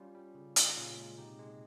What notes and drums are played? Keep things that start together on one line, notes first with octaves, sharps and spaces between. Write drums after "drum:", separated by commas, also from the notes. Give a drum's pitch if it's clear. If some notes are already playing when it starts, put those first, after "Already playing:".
Already playing: G3 C#4 F4
G3
C#3
C#3, drum: hi-hat
D#4
A#2 C#4 F4
G#3
C3 D#4 G4
G#3